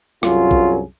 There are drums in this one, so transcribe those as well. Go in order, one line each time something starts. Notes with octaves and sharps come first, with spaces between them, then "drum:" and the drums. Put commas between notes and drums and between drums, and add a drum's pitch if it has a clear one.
C2 F#2 F#3 F4 G#4, drum: rim click
drum: kick A#1